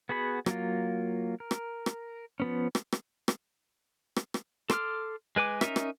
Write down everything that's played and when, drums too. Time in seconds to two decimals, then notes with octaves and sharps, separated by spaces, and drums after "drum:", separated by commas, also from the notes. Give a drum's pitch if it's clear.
0.09 B3 F#4 G#4 B5
0.46 F#3 A#3 F4, drum: rim click
1.40 A#4
1.51 drum: rim click
1.86 drum: rim click
2.40 F3 B3 C#4
2.75 drum: rim click
2.92 drum: rim click
3.28 drum: rim click
4.16 drum: rim click
4.34 drum: rim click
4.70 A4 C6 D6 F6, drum: rim click
5.36 G#3 B4 G#5 D6
5.61 C#4 D#4 A#4 E5, drum: rim click
5.76 drum: rim click